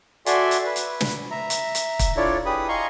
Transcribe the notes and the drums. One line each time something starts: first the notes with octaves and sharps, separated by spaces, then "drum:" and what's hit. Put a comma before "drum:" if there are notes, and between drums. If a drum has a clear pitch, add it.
F#4 A4 D5 E5 G#5 C6, drum: hi-hat
drum: hi-hat
B4
drum: hi-hat
drum: snare
E5 A#5
drum: hi-hat
drum: hi-hat
drum: kick, hi-hat
D4 E4 F4 A4 C#5 D5
G4 G#4 B4 B5 D#6
D#5 F5 G#5 A#5 C6 C#6